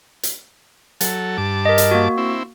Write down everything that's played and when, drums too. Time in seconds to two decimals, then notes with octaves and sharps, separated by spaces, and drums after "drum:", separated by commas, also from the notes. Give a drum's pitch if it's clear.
0.23 drum: hi-hat
1.01 F#3 A4, drum: hi-hat
1.38 G2 A5 D6
1.65 A#4 D#5
1.78 drum: hi-hat
1.91 A#3 F#4
2.18 C4 E4